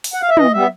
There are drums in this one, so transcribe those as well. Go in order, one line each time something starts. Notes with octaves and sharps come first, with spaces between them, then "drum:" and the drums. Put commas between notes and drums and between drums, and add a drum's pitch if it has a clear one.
drum: open hi-hat
F#5
F5
E5
E3 D#5, drum: tom
G3 B3 E5